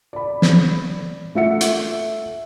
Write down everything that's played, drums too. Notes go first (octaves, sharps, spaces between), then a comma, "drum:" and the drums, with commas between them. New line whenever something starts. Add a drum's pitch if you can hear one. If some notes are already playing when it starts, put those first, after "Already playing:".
D5 B5
drum: snare
A3 F4 E5 F#5 C#7
drum: hi-hat